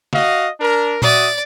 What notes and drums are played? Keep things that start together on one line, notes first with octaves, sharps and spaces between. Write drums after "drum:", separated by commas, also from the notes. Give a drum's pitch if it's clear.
F#4 D#5 F5, drum: snare
D4 A#4
F#4 D5 E5 D#6, drum: tom A#2